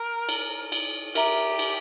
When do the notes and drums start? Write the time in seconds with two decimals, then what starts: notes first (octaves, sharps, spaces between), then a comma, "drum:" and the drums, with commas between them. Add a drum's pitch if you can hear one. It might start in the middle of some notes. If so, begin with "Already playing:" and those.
Already playing: A#4
0.29 drum: cymbal
0.72 drum: cymbal
1.15 G4 A#4 E5 A#5, drum: cymbal
1.59 drum: cymbal